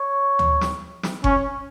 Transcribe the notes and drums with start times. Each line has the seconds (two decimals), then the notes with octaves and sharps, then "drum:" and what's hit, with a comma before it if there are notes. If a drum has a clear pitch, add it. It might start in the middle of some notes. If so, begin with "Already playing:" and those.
Already playing: C#5
0.39 drum: tom D2
0.61 drum: snare
1.03 drum: snare
1.24 C#4 C#5, drum: kick F#1